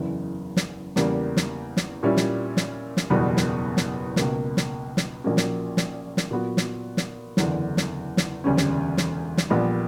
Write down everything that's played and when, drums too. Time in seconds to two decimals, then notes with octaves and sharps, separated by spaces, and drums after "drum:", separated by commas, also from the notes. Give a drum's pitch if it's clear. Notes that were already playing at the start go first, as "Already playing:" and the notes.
Already playing: F#1 E2 C#3 E3
0.57 drum: snare
0.96 E2 C#3 G3 A#3, drum: snare
1.37 drum: snare
1.77 drum: snare
2.03 A#2 G3 C#4 E4
2.17 drum: snare
2.57 drum: snare
2.97 drum: snare
3.10 F#1 E2 B2 G3 B3
3.37 drum: snare
3.77 drum: snare
4.16 C#2 B2 A#3, drum: snare
4.57 drum: snare
4.97 drum: snare
5.24 A#1 A#2 A#3 C#4 F#4
5.37 drum: snare
5.77 drum: snare
6.17 drum: snare
6.31 A#2 F#3 B3 F#4
6.57 drum: snare
6.97 drum: snare
7.37 F#1 E2 D3, drum: snare
7.77 drum: snare
8.17 drum: snare
8.44 E1 D2 C#3 G3 C#4
8.57 drum: snare
8.97 drum: snare
9.37 drum: snare
9.50 A#1 A#2 G3 B3